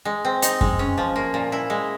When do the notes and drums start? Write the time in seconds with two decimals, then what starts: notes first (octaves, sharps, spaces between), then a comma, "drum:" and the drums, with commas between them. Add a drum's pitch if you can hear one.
0.05 G#3
0.25 C4
0.42 D#4, drum: hi-hat
0.61 G#3, drum: kick F#2
0.79 C#4
0.98 F3
1.16 A#3
1.34 A#2
1.52 E4
1.70 G#3